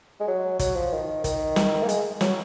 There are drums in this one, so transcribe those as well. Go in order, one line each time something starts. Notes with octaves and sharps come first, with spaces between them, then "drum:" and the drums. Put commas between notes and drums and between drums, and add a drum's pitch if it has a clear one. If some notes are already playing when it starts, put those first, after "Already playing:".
G#3
F#3
F#3, drum: kick, hi-hat
F3
D#3
D#3, drum: kick, hi-hat
drum: snare
A#3
G#3, drum: hi-hat
F#3, drum: snare